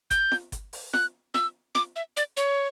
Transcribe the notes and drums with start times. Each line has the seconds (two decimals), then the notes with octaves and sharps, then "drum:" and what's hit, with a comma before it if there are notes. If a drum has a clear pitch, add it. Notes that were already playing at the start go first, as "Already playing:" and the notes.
0.11 G6, drum: kick G1, hi-hat
0.32 drum: snare F4
0.52 drum: kick G1, hi-hat
0.73 drum: open hi-hat
0.93 F#6, drum: snare F4
1.34 E6, drum: snare F4
1.75 D6, drum: snare F4
1.96 E5
2.17 D5, drum: hi-hat
2.37 C#5, drum: hi-hat